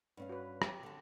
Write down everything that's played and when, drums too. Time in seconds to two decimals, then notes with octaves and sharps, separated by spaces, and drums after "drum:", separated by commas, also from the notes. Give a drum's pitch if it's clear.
0.17 G2 C#4 F5
0.29 F#4 B4
0.62 G4, drum: rim click
0.83 D3 A5